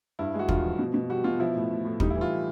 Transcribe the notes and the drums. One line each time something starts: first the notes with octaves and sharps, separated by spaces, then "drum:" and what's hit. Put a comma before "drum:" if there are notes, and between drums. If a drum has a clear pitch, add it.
G2 E4
G#3 F#4
G2 F4, drum: kick
F3
B2
B2
G3 F#4
B2 F4
F3 E4
A2
A2
A2
G3 D#4, drum: kick
E4
E3
F4